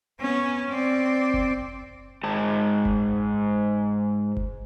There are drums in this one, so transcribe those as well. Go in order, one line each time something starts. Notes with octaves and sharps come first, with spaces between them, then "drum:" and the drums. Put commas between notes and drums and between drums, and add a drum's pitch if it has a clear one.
B3 C#4
C4 D5
drum: kick F#1
G#2 A5
drum: kick F#1
drum: kick F#1